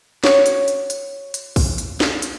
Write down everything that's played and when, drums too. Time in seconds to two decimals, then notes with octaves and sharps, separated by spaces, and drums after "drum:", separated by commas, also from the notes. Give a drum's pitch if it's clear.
0.24 F#4 C#5, drum: snare
0.46 drum: hi-hat
0.68 drum: hi-hat
0.90 drum: hi-hat
1.34 drum: hi-hat
1.56 drum: kick, open hi-hat
1.78 drum: hi-hat
2.00 drum: snare
2.22 drum: hi-hat